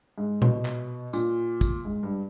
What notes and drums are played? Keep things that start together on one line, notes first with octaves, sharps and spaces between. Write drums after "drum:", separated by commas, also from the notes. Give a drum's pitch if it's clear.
G#2
B2, drum: tom A#2
drum: clap
A#2, drum: tambourine
drum: kick, tambourine
G#2
G2